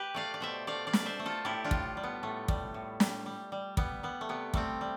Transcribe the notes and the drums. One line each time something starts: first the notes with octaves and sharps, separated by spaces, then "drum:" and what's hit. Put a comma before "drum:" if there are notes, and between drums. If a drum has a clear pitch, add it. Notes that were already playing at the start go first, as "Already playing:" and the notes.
Already playing: G4 B4
A3 D5 F5
D5
B2 C5 E5
A3 D5 F5
D5 F5
B2, drum: snare
C5 E5
A3
F4 A4
A2 E4 G4
D4 F4
A2, drum: kick
G3
B3
A2 A3
G3, drum: kick
A2
G3, drum: snare
G3
G3
G3 B3, drum: kick
G3 B3
A3
C3 B3
G3 A3 C4, drum: kick
G3